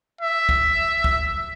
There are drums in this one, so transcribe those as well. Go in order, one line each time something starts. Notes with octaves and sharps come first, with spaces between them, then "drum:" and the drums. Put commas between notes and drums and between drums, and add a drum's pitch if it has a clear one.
E5
drum: kick
drum: kick